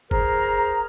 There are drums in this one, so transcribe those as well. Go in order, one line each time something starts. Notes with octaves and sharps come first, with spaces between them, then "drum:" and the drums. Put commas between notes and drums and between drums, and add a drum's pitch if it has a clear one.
G#4 A#4 C5 A#5, drum: kick F#1